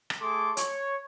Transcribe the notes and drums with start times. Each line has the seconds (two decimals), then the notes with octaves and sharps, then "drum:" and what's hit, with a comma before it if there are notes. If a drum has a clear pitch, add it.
0.10 drum: rim click
0.21 A3 G#4 A4 C6 D6
0.57 C#5, drum: hi-hat